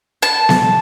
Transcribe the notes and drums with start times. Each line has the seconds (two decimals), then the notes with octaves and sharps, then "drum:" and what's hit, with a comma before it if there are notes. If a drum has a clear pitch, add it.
0.22 A5
0.49 drum: snare B3